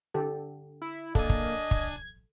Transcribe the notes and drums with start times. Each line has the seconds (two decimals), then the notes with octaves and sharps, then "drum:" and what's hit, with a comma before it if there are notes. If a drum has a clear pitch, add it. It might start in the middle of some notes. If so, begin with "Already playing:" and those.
0.14 D3 G4 A4
0.82 E4
1.15 A#3 D4 A4 D#5 G#5, drum: kick
1.30 drum: kick
1.71 G#6, drum: kick